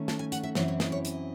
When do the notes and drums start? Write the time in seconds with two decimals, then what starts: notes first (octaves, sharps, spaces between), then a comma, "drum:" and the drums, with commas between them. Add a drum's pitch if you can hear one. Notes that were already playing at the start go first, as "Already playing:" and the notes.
Already playing: D#3 A3 C#4
0.08 A5, drum: snare
0.19 G#5
0.32 F#5, drum: hi-hat
0.43 E5
0.55 F#2 E3 C4 E4 C#5, drum: snare
0.68 C#5
0.80 D#5, drum: snare
0.92 C#5
1.05 D#5, drum: hi-hat